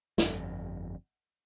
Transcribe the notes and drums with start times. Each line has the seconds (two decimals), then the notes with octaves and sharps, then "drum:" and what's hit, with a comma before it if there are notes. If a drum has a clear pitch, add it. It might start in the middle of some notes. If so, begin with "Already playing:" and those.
0.18 G1 F2, drum: snare